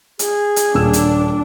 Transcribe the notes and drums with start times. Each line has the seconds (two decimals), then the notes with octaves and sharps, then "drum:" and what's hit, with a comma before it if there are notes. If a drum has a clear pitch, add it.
0.19 G#4, drum: hi-hat
0.56 drum: hi-hat
0.74 D#1 A#2 D4 E6
0.93 drum: hi-hat